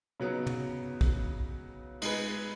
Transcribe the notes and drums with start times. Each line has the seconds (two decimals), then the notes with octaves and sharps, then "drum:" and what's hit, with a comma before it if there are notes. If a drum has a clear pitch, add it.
0.20 C#3 F#3 B3 D#4
0.47 drum: tom
1.01 drum: kick
2.02 G#3 D#4 G#4 B4, drum: cymbal